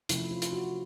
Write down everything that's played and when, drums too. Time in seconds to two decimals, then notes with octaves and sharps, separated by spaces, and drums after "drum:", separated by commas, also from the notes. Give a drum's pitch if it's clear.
0.09 C3 F3 A3 C#4 E4, drum: hi-hat
0.31 F4
0.42 drum: hi-hat
0.53 F#4